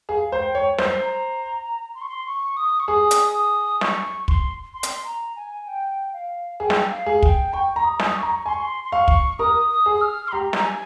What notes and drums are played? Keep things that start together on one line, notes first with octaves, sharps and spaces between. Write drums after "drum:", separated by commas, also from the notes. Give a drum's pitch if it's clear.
G#4 F5
C5
G5
C#5
C5, drum: snare
A#5
C6
C#6
C6
C#6
D#6
C#6
G#4 D#6
drum: hi-hat
D#6
C#6, drum: snare
C6, drum: kick
C6
drum: hi-hat
A#5
G#5
G5
F5
G#4 G5
drum: snare
F5
G#4
G5, drum: kick
G5 C#6
A#5
D#6
G#5, drum: snare
D#6
C#6
A#5
G#5 C6
C#6
C6
C6
F5 C#6
drum: kick
A#4 D#6
D#6
G#4
D#6
F6
C6
G4 A#5
A#5, drum: snare
G#5